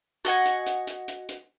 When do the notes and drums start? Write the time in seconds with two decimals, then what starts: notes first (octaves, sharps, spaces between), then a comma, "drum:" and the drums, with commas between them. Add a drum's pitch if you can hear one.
0.25 F#4 D#5 F#5 G#5, drum: hi-hat
0.45 drum: hi-hat
0.66 drum: hi-hat
0.87 drum: hi-hat
1.08 drum: hi-hat
1.29 drum: hi-hat